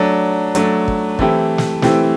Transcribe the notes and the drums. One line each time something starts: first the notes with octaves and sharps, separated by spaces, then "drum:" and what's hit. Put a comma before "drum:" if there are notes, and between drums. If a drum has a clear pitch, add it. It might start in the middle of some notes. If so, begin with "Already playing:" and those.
Already playing: F#3 A3 D4
F#3 A3 D4, drum: hi-hat
drum: kick
E3 A3 C4 E4 G4, drum: kick
drum: snare
E3 A3 C4 E4 G4, drum: snare